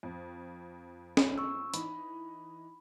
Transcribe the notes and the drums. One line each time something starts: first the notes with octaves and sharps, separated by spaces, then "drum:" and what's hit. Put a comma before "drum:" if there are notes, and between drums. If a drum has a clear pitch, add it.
F2
drum: snare C#4
C#6 E6
E3 D#4 B5, drum: hi-hat